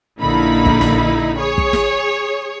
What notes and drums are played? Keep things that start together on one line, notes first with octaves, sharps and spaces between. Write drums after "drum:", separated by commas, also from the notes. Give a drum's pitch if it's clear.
A#1 D3 A#3 D#4 E4 B5
drum: kick
drum: snare
G#4 C#5
drum: kick
drum: snare